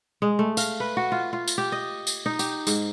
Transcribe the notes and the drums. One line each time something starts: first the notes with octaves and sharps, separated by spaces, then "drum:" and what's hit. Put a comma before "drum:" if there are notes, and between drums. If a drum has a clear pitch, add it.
G#3
A3
F5, drum: tambourine
B4
F#4
F4
F4
drum: tambourine
G4
D#5
drum: tambourine
D#4
G4, drum: tambourine
G#2, drum: tambourine